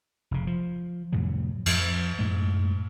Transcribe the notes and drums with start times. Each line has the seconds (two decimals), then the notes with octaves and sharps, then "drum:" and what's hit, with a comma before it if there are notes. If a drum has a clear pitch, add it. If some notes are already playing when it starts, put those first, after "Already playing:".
0.31 F1 C#3
0.47 F3
1.13 F2 A2 C3 F#3
1.66 F2 F3, drum: cymbal
2.19 F#2 A2 G#3